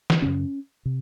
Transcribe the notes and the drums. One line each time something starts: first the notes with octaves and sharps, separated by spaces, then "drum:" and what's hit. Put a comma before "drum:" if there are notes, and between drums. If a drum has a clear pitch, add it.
drum: snare
F#2 C#3 C#4
C3